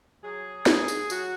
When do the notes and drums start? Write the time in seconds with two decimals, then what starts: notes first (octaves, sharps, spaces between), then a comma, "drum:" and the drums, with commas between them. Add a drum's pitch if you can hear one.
0.23 F#3 G#4
0.66 G#2 G#4, drum: snare
0.88 drum: tambourine
1.10 F#3 F#4, drum: tambourine